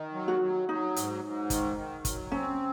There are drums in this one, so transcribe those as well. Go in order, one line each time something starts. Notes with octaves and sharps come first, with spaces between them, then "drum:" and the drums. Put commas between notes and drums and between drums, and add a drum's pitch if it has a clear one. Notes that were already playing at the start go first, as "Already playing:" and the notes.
Already playing: D#3
F#3
F#4
F#3
F#3 D#4
G#2, drum: hi-hat
G#2
D#3, drum: kick, hi-hat
D#3
F#3, drum: kick, hi-hat
C4 C#4